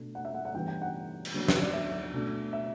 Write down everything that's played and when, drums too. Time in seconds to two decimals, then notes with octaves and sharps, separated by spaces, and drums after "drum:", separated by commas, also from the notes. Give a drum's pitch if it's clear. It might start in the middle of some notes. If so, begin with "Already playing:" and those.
Already playing: B2 A3 D4
0.15 F#5
0.25 E5
0.34 F#5
0.45 F#5
0.54 G2 E3 B3 G5
0.68 G5
0.82 F#5
1.25 drum: cymbal
1.34 D3 F#3 B3
1.48 drum: snare
1.62 D5
1.73 E5
2.13 B2 A3 D4
2.53 E5